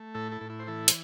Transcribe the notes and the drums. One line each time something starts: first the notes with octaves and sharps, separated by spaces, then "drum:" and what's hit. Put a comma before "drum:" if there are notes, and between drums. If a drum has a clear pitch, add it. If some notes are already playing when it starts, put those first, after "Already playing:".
Already playing: A3
A2 E4 A4
E4 A4
A2
E4
C5
E3 E4 A4
C5, drum: hi-hat